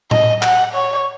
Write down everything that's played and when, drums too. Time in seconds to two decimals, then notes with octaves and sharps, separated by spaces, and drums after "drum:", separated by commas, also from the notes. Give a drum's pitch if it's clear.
0.11 D#5, drum: tom A2
0.42 F#5, drum: clap
0.74 C#5